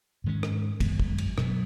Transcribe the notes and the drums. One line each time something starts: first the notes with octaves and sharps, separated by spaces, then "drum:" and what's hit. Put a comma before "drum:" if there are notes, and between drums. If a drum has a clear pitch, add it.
G#2 D#3 G#3 C#4
drum: rim click
F#2 D#3 G#3 B3, drum: kick, cymbal
drum: kick
drum: cymbal
B2 F#3 B3, drum: rim click